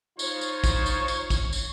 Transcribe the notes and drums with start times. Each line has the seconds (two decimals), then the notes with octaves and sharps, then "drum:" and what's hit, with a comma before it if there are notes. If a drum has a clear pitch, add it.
0.19 D#4 F4 C5 C#5, drum: tambourine
0.41 drum: tambourine
0.64 drum: kick, tambourine
0.86 drum: tambourine
1.08 drum: tambourine
1.30 drum: kick, tambourine
1.53 drum: tambourine